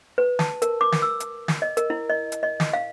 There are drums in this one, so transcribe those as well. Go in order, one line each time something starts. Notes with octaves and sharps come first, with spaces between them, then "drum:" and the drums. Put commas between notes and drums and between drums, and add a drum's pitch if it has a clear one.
B4
A5, drum: snare
A#4, drum: hi-hat
D6
drum: snare
E6
drum: hi-hat
drum: snare
D#5
A#4, drum: hi-hat
E4
D#5
drum: hi-hat
D#5
drum: snare
F5